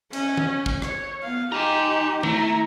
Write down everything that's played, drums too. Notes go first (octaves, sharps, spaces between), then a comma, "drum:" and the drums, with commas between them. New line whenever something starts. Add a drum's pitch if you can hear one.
C#4, drum: cymbal
drum: tom D#3
drum: kick
C#5, drum: rim click
B3 F5
D#4 G4 G#5 A#5
A3 E4 A#5, drum: tom D#3